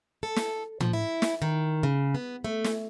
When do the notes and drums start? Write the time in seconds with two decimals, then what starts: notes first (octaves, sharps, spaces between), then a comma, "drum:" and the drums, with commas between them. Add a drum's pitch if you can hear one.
0.23 A4
0.36 drum: snare
0.81 F3, drum: tom
0.93 E4
1.22 drum: snare
1.42 D#3
1.83 C#3
2.15 B3
2.44 A3
2.64 drum: snare